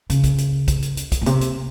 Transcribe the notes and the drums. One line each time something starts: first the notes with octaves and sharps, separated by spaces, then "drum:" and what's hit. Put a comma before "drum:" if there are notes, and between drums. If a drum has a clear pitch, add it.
C#3, drum: hi-hat
drum: kick B1, hi-hat
drum: hi-hat
drum: kick B1, hi-hat
drum: hi-hat
drum: hi-hat
drum: kick B1, hi-hat
A2
C3, drum: hi-hat
drum: hi-hat